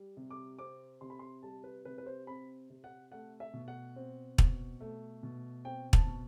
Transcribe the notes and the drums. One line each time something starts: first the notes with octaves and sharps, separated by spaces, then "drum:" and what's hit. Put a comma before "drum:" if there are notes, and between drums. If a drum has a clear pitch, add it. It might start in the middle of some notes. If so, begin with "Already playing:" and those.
Already playing: G3
C3
D6
C4 D6
C3 C6
B5
C6
G3 A5
B4
C3 B4
B4
C5
C4 B5
C3
F#5
A3 F#5
E5
B2
F#5
C4
B2, drum: kick
A3
B2
C4 G5
A5, drum: kick
B2